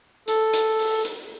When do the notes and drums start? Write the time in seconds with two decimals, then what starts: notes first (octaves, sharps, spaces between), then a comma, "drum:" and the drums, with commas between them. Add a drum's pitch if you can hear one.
0.28 A4, drum: hi-hat
0.53 drum: hi-hat
0.79 drum: open hi-hat
1.05 drum: hi-hat